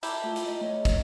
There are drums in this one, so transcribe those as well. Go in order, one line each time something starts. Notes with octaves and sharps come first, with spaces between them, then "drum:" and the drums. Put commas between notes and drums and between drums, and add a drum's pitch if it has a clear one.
E4 G4 A5 A#5, drum: hi-hat
A3 F4
drum: hi-hat
D#5 A#5
A3 C#5
drum: kick, hi-hat